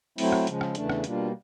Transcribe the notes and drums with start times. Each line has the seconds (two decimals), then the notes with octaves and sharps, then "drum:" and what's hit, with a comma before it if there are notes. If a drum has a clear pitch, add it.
0.18 F#3 A3 C4 E4, drum: open hi-hat
0.32 drum: rim click
0.47 C#3 F3 G#3, drum: hi-hat
0.61 drum: rim click
0.75 E2 C#3 E3 A3 D4, drum: hi-hat
0.89 drum: rim click
1.04 B2 G3 A#3 D4 F4, drum: hi-hat